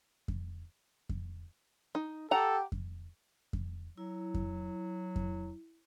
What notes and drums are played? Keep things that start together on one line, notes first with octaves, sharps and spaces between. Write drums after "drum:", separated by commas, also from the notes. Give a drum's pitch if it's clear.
drum: kick F2
drum: kick F2
D#4
G4 A4 F#5 A#5
drum: kick F2
drum: kick F2
F#3 E4
drum: kick F2
drum: kick F2